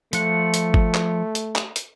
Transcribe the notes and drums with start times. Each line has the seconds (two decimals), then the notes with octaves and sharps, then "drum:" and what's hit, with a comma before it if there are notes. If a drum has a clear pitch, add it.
0.13 F3 A3 F4 F#5, drum: hi-hat
0.54 drum: hi-hat
0.74 drum: kick G1
0.94 drum: clap
1.35 drum: hi-hat
1.55 drum: clap
1.76 drum: hi-hat